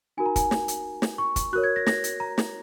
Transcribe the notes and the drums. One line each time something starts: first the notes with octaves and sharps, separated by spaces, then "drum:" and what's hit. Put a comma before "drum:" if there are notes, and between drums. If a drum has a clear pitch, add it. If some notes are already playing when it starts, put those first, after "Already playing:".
D#4 F#4 A#4 G#5
A#5
G#5, drum: kick, hi-hat
drum: snare
drum: hi-hat
drum: snare
C#6
drum: kick, hi-hat
F#4 A#4 C#5 F#6
G#6
A#6
A#6, drum: snare
drum: hi-hat
A#5
drum: snare